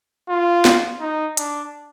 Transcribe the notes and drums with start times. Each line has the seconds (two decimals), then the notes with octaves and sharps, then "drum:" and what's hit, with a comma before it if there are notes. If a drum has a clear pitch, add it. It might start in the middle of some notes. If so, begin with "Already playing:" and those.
0.29 F4
0.65 drum: snare
1.01 D#4
1.37 D4, drum: hi-hat